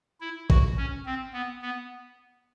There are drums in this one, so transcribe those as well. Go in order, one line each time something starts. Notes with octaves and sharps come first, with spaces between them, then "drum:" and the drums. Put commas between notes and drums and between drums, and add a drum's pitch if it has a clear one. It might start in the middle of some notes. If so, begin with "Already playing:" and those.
E4
F#4, drum: kick A1
C#4
C4
B3
B3